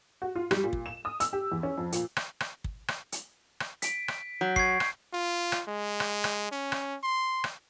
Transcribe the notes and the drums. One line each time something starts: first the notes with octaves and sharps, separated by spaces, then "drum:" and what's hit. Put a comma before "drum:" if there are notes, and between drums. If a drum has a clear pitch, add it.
F#4
F4
G3, drum: rim click
A#2
drum: kick
E7
D#6
E6, drum: hi-hat
G4
E2
C#4
F2
A#2, drum: hi-hat
drum: rim click
drum: rim click
drum: kick
drum: rim click
drum: hi-hat
drum: rim click
B6 D7, drum: hi-hat
drum: rim click
F#3 G6
C#6 G#6 C7, drum: kick
drum: rim click
F4
drum: rim click
G#3
drum: rim click
drum: rim click
C#4
drum: rim click
C6
drum: rim click